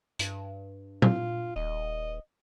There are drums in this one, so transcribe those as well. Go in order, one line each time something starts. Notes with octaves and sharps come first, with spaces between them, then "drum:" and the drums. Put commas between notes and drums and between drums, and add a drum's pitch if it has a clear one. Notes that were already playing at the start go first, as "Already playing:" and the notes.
G2, drum: hi-hat
F4, drum: tom A#2
D#1 D#5